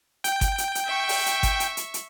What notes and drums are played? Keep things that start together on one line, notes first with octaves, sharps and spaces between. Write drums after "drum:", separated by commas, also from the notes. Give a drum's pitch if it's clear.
G5, drum: hi-hat
drum: kick G1, hi-hat
drum: hi-hat
drum: hi-hat
E5 C#6
drum: open hi-hat
drum: hi-hat
drum: kick G1, hi-hat
drum: hi-hat
drum: hi-hat
drum: hi-hat